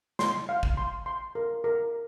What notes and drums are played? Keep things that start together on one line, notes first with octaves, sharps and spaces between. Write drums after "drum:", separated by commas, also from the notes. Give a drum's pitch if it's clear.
C6, drum: snare
F5
drum: kick
C6
C6
A#4
A#4